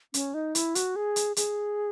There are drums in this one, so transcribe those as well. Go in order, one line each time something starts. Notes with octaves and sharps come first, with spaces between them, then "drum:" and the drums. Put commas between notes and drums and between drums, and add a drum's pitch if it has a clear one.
C#4, drum: hi-hat
D#4
E4, drum: hi-hat
F#4, drum: hi-hat
G#4
drum: hi-hat
G#4, drum: hi-hat